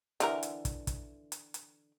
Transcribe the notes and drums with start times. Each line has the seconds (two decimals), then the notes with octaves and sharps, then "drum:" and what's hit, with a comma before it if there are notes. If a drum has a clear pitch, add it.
0.20 D3 E3 A#4, drum: hi-hat
0.43 drum: hi-hat
0.65 drum: kick, hi-hat
0.87 drum: kick, hi-hat
1.32 drum: hi-hat
1.54 drum: hi-hat